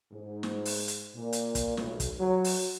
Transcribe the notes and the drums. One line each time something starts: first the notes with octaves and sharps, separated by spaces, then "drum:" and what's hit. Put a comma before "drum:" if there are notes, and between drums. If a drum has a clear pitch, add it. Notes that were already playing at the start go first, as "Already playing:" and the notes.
G#2
drum: snare
drum: open hi-hat
drum: hi-hat
A#2
drum: hi-hat
drum: kick, hi-hat
B1, drum: snare
drum: kick, hi-hat
F#3
drum: open hi-hat